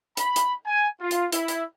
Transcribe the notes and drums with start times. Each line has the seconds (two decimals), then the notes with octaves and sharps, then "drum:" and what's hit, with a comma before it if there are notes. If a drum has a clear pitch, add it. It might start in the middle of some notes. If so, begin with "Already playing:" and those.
0.17 B5, drum: hi-hat
0.36 drum: hi-hat
0.66 G#5
1.00 F4
1.11 drum: hi-hat
1.32 E4, drum: hi-hat
1.48 drum: hi-hat